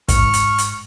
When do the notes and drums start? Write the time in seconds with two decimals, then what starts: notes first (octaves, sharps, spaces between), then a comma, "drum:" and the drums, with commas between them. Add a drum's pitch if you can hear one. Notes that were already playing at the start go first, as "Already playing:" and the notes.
0.09 G#2 C#6 F6, drum: kick, hi-hat
0.33 drum: hi-hat
0.58 drum: hi-hat